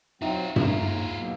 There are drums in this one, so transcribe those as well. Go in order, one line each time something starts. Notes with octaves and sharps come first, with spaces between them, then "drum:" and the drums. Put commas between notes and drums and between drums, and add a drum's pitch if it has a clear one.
F#3 C4 D#4 F4 F#4 E5
F#2 A3 E4 F4 A#5, drum: tom G2
D#2 G#2 A#5
B2 F#3 A#3